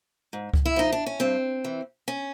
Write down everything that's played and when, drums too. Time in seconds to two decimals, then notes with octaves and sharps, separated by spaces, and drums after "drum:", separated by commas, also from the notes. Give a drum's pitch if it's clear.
0.33 G#2
0.54 drum: kick C#2
0.65 E4
0.76 F3 D#4
0.92 D4
1.06 C#4
1.20 G2 C4
1.64 E3
2.08 C#4